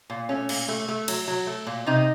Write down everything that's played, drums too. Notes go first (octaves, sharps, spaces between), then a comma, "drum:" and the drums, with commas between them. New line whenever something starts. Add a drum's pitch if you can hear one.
A#2
A3 C#4
A#2, drum: cymbal
A3
A3
F#3, drum: cymbal
F#3
A3
A#2
C3 D#4